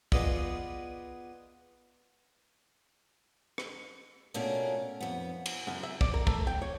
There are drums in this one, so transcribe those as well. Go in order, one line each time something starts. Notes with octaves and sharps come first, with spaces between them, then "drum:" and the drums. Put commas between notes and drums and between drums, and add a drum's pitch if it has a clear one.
B3 F4 G#4 D5 D#5, drum: kick
drum: rim click
B2 A3 A#3 C#4 D4 F4
F2 B3
drum: cymbal
F#2
E5
D5, drum: kick
A#4
A3, drum: kick
G5
C#5